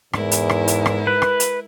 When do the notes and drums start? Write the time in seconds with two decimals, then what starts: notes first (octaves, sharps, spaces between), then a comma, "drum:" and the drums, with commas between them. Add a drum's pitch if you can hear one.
0.13 E2 G#2 G#3 E4 A#4, drum: rim click
0.31 drum: hi-hat
0.50 drum: rim click
0.68 drum: hi-hat
0.86 drum: rim click
1.07 B4
1.22 drum: rim click
1.40 drum: hi-hat